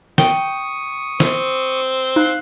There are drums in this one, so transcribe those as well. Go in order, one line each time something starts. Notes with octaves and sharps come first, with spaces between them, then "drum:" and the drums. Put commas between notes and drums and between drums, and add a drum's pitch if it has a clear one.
G5 C#6 D#6, drum: snare
C4, drum: snare
D#4 F5 F#6